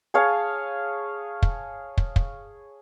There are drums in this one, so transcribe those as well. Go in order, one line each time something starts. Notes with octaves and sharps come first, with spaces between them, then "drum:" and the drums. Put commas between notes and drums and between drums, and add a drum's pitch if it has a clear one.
G#4 C#5 F5 A5
drum: kick
drum: kick
drum: kick